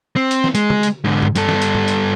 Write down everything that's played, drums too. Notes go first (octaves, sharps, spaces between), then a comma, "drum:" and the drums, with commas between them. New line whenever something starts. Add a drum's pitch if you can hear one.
C4
drum: hi-hat
drum: snare
G#3, drum: hi-hat
drum: tom
drum: hi-hat
G#2 D3
drum: tom
G2 A4, drum: hi-hat
drum: snare
drum: hi-hat
drum: tom
drum: hi-hat